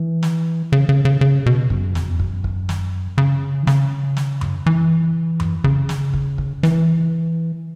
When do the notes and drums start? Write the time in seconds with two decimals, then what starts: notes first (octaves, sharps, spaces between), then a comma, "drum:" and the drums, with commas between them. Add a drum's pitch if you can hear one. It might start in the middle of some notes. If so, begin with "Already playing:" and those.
Already playing: E3
0.23 drum: snare
0.72 C#3
0.89 C#3
1.05 C#3
1.21 C#3
1.46 B2
1.70 F#2, drum: kick
1.95 E2, drum: snare
2.02 F#2
2.09 E2
2.20 F#2, drum: kick
2.44 drum: kick
2.69 drum: snare
3.18 C#3
3.63 E3
3.67 C#3, drum: snare
4.17 drum: snare
4.41 drum: tom F#2
4.66 E3
5.40 drum: tom F#2
5.64 C#3, drum: kick
5.89 drum: snare
6.14 drum: kick
6.38 drum: kick
6.63 E3, drum: snare